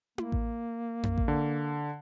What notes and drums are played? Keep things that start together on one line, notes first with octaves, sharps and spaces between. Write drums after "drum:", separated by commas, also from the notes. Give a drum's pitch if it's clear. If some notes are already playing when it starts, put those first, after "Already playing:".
A#3, drum: tom E4
drum: kick A1
drum: tom F2
drum: kick A1
D3